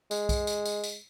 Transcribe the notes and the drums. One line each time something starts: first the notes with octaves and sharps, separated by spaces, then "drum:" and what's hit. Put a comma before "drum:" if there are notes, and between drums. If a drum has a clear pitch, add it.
G#3, drum: tambourine
drum: kick B1, tambourine
drum: tambourine
drum: tambourine
drum: tambourine